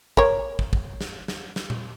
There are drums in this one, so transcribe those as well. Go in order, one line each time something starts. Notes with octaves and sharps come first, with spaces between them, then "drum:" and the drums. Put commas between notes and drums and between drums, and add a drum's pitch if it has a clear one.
A#4 C#5, drum: kick
drum: kick
drum: kick
drum: snare
drum: snare
drum: snare
drum: tom A#2